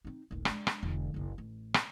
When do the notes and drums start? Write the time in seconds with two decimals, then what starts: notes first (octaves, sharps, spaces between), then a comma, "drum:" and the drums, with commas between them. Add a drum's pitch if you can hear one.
0.05 C4 D#4
0.31 D#1 A1
0.45 G#3 D4, drum: rim click
0.67 drum: rim click
0.83 E1 D3
1.14 F#1 B1
1.38 A1
1.74 drum: rim click